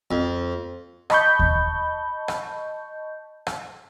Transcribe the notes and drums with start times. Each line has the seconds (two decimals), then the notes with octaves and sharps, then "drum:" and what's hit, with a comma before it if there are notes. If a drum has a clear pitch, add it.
0.11 F2
1.10 D#5 A5 B5 C#6 G6, drum: rim click
1.39 drum: kick D#2
2.28 drum: rim click
3.47 drum: rim click